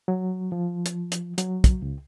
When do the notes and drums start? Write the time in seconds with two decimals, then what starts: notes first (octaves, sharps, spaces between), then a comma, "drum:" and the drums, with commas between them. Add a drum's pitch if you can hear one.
0.08 F#3
0.52 F3
0.86 drum: hi-hat
1.12 drum: hi-hat
1.38 F#3, drum: hi-hat
1.64 drum: kick, hi-hat
1.82 C#2